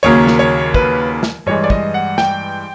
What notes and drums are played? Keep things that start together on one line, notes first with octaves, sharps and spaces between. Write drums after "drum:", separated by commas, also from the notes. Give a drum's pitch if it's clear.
D#2 C#3 F#3 A#3 C#5
drum: snare
C#5
B4, drum: kick
drum: snare
G2 E3 G#3 C#5
D5
D#5, drum: kick
F#5
G5, drum: snare